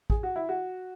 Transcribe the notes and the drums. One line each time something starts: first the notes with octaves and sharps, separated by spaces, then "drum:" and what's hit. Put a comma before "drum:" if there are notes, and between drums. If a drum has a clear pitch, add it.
G#4, drum: kick
F#4
E4
F#4